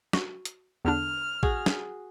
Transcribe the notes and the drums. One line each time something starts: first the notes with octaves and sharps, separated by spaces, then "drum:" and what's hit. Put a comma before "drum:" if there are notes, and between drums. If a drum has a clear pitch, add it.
F#4, drum: snare
drum: hi-hat
E2 D3 D4 F6
F#4 G#4, drum: kick A1
drum: snare